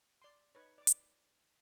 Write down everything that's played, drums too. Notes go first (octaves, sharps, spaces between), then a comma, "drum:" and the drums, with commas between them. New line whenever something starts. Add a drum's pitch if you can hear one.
D5 C6
D#4 B4 C#5
D5 D6
drum: hi-hat